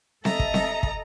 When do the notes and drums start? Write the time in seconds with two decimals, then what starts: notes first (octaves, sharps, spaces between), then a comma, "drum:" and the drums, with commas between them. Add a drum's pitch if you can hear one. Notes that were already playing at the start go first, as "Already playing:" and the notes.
0.25 A4 D#5 E5 A#5, drum: snare C4
0.39 drum: kick
0.54 drum: snare C4
0.83 drum: kick